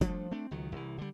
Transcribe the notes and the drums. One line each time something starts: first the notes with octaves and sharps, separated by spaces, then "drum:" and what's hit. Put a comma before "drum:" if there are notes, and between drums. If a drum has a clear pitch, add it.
F3 G3 A3 D4, drum: kick, tambourine
A3 C4 D4
C#2 D#3 F#3
C2 E3
D3 G3